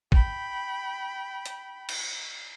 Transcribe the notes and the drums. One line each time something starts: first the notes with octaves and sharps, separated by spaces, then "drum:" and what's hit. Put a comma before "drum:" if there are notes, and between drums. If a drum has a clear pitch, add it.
G5 B5, drum: kick
drum: hi-hat
drum: cymbal